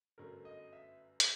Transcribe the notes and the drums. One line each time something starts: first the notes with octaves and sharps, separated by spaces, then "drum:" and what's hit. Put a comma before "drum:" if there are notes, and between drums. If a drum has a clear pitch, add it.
G1 F#2 D3 F#3 A3 A#4
D#5
E5
drum: hi-hat